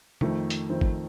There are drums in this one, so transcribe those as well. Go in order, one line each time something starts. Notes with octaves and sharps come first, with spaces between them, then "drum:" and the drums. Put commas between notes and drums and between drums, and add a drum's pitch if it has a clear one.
F2 D#3 A3, drum: tom
drum: hi-hat
F2 D#3 A3 C4
drum: kick G#1